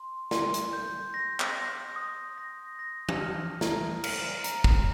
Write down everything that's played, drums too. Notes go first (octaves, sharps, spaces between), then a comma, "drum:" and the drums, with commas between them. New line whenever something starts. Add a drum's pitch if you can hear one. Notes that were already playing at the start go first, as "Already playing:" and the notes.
Already playing: C6
C6, drum: snare
drum: hi-hat
G6
A#6
drum: clap
A#6
D#6
A#6
A#6
drum: tom E3
F6
A#5, drum: snare
F6, drum: cymbal
A#5, drum: hi-hat
drum: kick